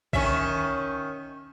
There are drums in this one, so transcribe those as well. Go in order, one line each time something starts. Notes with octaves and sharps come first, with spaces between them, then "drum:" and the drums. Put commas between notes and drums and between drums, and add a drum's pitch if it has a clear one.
D#3 C#4 E5, drum: kick A#1